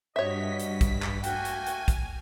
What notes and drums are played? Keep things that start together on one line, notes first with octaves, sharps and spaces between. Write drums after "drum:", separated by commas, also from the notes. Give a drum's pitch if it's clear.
G2 F#4 C#5 D#5 E5 B6
drum: hi-hat
drum: kick, hi-hat
drum: clap
A3 A#3 F#4 G5 G#5, drum: hi-hat
drum: hi-hat
drum: hi-hat
drum: kick, hi-hat